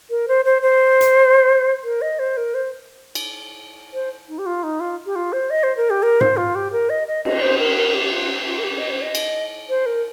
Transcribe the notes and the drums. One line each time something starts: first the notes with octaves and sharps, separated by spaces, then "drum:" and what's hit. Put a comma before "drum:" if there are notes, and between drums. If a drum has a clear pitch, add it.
A#4
C5
C5
C5
drum: hi-hat
A#4
D#5
C5
A#4
C5
drum: cymbal
C5
D#4
G4
F4
D#4
F4
G4
F4
C5
D#5
C5
A#4
G4
A#4
C5, drum: tom G#2
F4
G4
A#4
D#5
D#5
D#5, drum: cymbal
C5
A#4
A#4
G4
F4
F4
A#4
G4
D#5
C5
D#5
drum: cymbal
C5
A#4